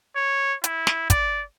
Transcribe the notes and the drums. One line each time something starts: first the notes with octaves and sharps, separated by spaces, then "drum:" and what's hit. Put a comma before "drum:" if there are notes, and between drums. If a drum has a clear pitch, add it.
C#5
E4, drum: hi-hat
drum: snare
D5, drum: kick, hi-hat